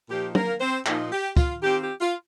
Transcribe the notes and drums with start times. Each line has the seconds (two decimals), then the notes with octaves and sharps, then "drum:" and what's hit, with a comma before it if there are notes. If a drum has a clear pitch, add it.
0.09 A#2 F3 D#4 G4
0.35 A#3 A#4, drum: tom
0.60 C4 C5
0.86 A#2 F3 D#4, drum: clap
1.12 G4
1.37 F4, drum: kick, tambourine
1.62 D#3 C4 F4 G4
1.82 G4
2.00 F4